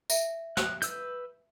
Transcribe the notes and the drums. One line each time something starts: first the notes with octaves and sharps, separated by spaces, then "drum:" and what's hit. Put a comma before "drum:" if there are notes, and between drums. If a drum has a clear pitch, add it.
E5, drum: tambourine
F#6, drum: snare
B4 E6 G6, drum: hi-hat